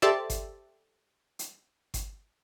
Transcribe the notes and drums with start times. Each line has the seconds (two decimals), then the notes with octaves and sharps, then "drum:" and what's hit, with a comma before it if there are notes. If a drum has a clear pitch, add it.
0.02 G4 A4 C5 D5 E5 A5
0.30 drum: kick G1, hi-hat
1.39 drum: hi-hat
1.94 drum: kick G1, hi-hat